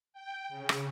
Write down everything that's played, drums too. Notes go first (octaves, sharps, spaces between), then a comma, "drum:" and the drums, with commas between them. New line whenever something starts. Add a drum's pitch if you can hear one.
G5
C#3
drum: rim click